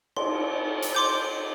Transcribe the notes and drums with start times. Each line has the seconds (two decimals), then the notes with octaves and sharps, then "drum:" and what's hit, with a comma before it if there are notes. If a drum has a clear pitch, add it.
0.17 C6, drum: cymbal
0.82 drum: hi-hat
0.95 C6 D6 G6